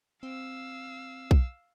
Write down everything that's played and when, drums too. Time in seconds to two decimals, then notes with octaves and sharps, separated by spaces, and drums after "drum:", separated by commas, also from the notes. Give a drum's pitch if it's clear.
0.23 C4 F5 E6
1.31 drum: kick B1